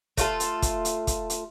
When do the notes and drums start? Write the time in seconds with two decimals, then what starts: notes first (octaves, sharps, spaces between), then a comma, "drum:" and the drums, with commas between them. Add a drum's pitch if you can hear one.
0.17 A3 F4 A4, drum: kick, hi-hat
0.40 drum: hi-hat
0.62 drum: kick, hi-hat
0.85 drum: hi-hat
1.07 drum: kick, hi-hat
1.30 drum: hi-hat